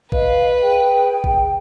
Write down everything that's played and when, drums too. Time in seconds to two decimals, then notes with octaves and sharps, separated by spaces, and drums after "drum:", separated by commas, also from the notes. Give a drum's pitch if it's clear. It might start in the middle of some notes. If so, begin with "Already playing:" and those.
0.12 B4 D#5 F5, drum: kick
0.60 G#4 G5
1.24 drum: kick